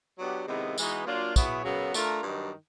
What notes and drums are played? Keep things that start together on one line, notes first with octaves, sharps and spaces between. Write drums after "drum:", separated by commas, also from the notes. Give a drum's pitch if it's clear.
F#3 B3 D4 G4
C3 D#3 G#3 B3 E4
E3 G#3 B3 D#4 F#4, drum: tambourine
F#3 A#3 D4 F4
F#3 B3 E4 G#4 C#5, drum: kick, tambourine
F#2 C#3 F#3 B3
A3 D4 F4 A#4, drum: tambourine
G2 D#3 F#3